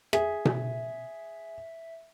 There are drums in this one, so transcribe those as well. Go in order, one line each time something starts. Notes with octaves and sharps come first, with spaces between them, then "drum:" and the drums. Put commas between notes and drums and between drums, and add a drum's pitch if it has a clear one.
G#4 E5, drum: rim click
drum: tom B2